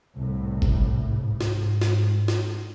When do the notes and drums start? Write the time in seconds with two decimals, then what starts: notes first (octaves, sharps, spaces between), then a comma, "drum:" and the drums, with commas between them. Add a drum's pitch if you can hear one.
0.15 C2 A2
0.62 drum: kick G1
1.23 G#2
1.41 drum: snare
1.81 drum: snare
2.28 drum: snare